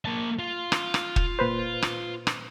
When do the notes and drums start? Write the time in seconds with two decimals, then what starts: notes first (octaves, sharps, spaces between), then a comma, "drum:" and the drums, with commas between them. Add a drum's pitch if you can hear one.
0.05 A#3 A5
0.39 F4
0.72 drum: rim click
0.94 drum: rim click
1.16 drum: kick
1.39 A#2 B4 C5
1.82 drum: rim click
2.27 drum: rim click